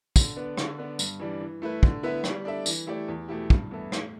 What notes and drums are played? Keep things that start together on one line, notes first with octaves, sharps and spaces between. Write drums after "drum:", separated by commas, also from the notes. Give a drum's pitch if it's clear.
D3, drum: kick, tambourine
B3 D4 B4
D3, drum: rim click
B3 D4 B4
G2, drum: tambourine
E3 G3 D4
E3
A3 E4 B4
D3, drum: kick
B3 E4 B4 E5
G3, drum: rim click
D4 A4 E5
E3, drum: tambourine
A3 E4 G4 D5
E2
B2 A3 E4 G4
G2, drum: kick
E3 B3 E4 A4
A2, drum: rim click